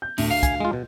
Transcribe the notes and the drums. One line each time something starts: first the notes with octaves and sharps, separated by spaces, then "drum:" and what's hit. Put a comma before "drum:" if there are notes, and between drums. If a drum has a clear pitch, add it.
G6
D2 A2, drum: open hi-hat
F5
G#5, drum: kick, hi-hat
G#3 F4
B2